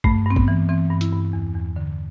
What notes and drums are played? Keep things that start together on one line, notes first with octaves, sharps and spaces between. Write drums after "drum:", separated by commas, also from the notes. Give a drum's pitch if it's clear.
G2 A3, drum: kick
G2 C4
B3, drum: kick
E3
E3 C4
G2
E4, drum: hi-hat
G2
E2
E2
D3